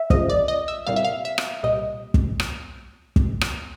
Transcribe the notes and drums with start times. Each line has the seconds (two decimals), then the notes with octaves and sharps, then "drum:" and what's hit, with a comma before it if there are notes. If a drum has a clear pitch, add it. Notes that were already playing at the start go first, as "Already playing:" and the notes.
Already playing: E5
0.10 D#2 C#3 F3 D#5, drum: kick
0.30 D5
0.48 D#5
0.68 E5
0.87 C2 A#2 G3 F5
0.96 E5
1.04 F5
1.25 E5
1.38 drum: rim click
1.63 C2 A#2 G3 D#5
2.14 drum: kick
2.40 drum: rim click
3.16 drum: kick
3.41 drum: rim click